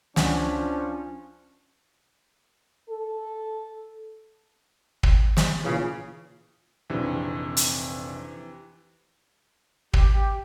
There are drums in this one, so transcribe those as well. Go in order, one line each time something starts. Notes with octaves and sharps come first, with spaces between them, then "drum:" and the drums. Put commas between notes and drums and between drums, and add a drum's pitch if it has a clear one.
C#2 F3 C#4 D4 F#5 G#5, drum: snare
F4
A4
drum: kick
drum: snare
A#2 C#3 E3
F1 A#1 C3 E3
drum: hi-hat
G4, drum: kick